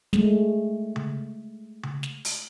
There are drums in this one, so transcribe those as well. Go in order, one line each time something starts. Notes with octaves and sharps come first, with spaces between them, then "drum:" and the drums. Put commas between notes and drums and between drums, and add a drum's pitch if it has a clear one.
G#3 A3, drum: snare
drum: tom C#3
drum: tom C#3
drum: snare
drum: open hi-hat